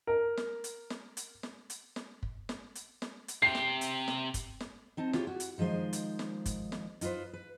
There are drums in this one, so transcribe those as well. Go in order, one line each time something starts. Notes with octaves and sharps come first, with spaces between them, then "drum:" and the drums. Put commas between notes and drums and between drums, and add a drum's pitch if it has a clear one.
A#4
drum: snare
drum: hi-hat
drum: snare
drum: hi-hat
drum: snare
drum: hi-hat
drum: snare
drum: kick
drum: snare
drum: hi-hat
drum: snare
drum: hi-hat
C3 G4 C7
drum: snare
drum: hi-hat
drum: snare
drum: kick, hi-hat
drum: snare
C4 D#4 A5
E4 F4 G4 C#5, drum: snare
F#4
drum: hi-hat
D#3 F3 G#3 D#4 C5
drum: hi-hat
drum: snare
drum: kick, hi-hat
drum: snare
D#4 F4 A4 B4 C5, drum: hi-hat
B4